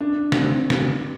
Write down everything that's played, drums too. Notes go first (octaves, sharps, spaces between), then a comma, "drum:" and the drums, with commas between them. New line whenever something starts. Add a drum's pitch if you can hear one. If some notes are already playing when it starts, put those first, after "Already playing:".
D4
C4, drum: snare
drum: snare